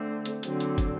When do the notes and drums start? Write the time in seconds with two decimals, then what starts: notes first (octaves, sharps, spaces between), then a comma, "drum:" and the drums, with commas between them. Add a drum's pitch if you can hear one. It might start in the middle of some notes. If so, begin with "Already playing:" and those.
Already playing: D3 A3 C4
0.26 drum: hi-hat
0.43 D3 F#3 C4, drum: hi-hat
0.60 drum: hi-hat
0.78 drum: kick, hi-hat